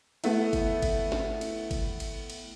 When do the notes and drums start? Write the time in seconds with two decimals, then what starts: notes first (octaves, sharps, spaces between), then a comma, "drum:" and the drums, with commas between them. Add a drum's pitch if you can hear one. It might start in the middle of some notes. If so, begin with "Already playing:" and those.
0.24 A3 B3 E4, drum: cymbal
0.53 drum: kick G1, cymbal
0.82 drum: kick G1, cymbal
1.12 drum: snare
1.41 drum: cymbal
1.71 drum: kick G1, cymbal
2.00 drum: cymbal
2.30 drum: cymbal